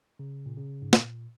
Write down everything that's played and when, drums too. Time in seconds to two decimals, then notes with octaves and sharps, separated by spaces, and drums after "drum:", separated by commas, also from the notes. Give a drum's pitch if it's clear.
0.19 C#3
0.46 A#2
0.57 C#3
0.82 G#2
0.93 A#2, drum: snare